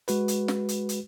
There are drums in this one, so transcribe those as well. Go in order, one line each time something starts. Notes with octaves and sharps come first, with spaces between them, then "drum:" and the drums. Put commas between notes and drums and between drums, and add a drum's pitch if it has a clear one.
G#3 F#4 B4, drum: hi-hat
drum: hi-hat
drum: snare
drum: hi-hat
drum: hi-hat